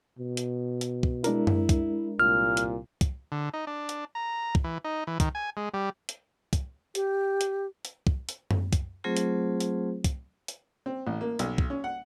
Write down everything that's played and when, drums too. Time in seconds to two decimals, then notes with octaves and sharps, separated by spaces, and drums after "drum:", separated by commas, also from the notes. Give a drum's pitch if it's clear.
0.19 B2
0.37 drum: hi-hat
0.81 drum: hi-hat
1.03 drum: kick
1.24 G#3 D4 E4 A#4, drum: hi-hat
1.47 drum: tom F#2
1.69 drum: kick, hi-hat
2.20 C2 A#2 F6
2.57 drum: hi-hat
3.01 drum: kick, hi-hat
3.32 D3
3.54 D#4
3.67 D4
3.89 drum: hi-hat
4.15 A#5
4.55 drum: kick
4.64 E3
4.84 D#4
5.07 E3
5.20 D#3, drum: kick, hi-hat
5.35 G#5
5.57 G#3
5.74 G3
6.09 drum: hi-hat
6.53 drum: kick, hi-hat
6.95 G4, drum: hi-hat
7.41 drum: hi-hat
7.85 drum: hi-hat
8.07 drum: kick
8.29 drum: hi-hat
8.51 drum: tom F#2
8.73 drum: kick, hi-hat
9.04 F#3 A3 C4 F4 G#4 C5
9.17 drum: hi-hat
9.60 drum: hi-hat
10.04 drum: kick, hi-hat
10.48 drum: hi-hat
10.86 C4
11.07 A1
11.21 A#3
11.39 B1, drum: hi-hat
11.58 drum: kick
11.70 C#4
11.84 F#5